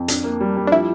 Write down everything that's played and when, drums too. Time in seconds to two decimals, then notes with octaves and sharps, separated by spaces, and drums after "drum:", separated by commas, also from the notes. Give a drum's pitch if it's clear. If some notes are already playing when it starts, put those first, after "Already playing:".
Already playing: F2
0.08 D4, drum: hi-hat
0.24 A#3
0.41 G3
0.57 G3
0.67 D4
0.72 F3 E4